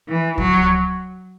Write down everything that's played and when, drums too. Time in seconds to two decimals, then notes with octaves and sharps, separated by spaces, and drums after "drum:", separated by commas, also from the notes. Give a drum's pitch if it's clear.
0.08 E3
0.38 F#3, drum: kick C#2